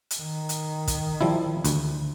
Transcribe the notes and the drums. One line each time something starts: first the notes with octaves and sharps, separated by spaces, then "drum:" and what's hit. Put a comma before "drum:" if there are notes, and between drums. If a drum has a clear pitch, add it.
drum: hi-hat
D#3
drum: hi-hat
drum: kick, hi-hat
F3 G3 E4
D2, drum: hi-hat